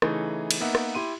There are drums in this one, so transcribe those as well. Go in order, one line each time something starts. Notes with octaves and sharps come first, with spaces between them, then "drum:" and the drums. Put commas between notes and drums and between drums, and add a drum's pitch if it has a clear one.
C#3 E3 A3 D#4 G#4, drum: rim click
drum: cymbal
A#3 B3 D#4 E5 F#5
drum: rim click
E4 G4 C6 D#7